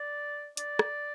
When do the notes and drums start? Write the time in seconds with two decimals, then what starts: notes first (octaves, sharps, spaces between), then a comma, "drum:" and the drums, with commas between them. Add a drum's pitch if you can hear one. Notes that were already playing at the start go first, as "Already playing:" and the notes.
Already playing: D5
0.57 D5, drum: hi-hat
0.79 drum: rim click